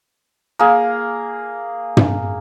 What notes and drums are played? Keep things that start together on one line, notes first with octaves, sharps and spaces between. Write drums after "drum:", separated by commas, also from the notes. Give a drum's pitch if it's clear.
A#3 G#4
drum: tom